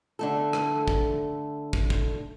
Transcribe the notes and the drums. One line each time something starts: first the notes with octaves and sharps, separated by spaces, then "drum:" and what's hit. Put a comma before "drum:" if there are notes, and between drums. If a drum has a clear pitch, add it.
D3 A3 A4
drum: rim click
drum: kick
drum: kick
drum: kick